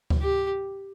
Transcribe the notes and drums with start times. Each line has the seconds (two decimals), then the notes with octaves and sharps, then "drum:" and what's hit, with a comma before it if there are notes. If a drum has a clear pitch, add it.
0.10 drum: kick D2
0.22 G4